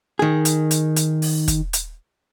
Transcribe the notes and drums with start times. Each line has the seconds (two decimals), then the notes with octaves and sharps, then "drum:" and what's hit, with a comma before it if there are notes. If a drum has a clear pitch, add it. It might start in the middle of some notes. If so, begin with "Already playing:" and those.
0.19 D#3 G#4
0.45 drum: hi-hat
0.71 drum: hi-hat
0.96 drum: hi-hat
1.22 drum: open hi-hat
1.48 drum: kick, hi-hat
1.73 drum: hi-hat